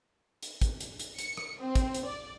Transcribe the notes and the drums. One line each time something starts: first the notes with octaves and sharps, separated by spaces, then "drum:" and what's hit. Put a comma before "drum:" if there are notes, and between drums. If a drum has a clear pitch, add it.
drum: hi-hat
drum: kick, hi-hat
drum: hi-hat
drum: hi-hat
C#7, drum: hi-hat
drum: rim click
C4
drum: kick, hi-hat
drum: hi-hat
D5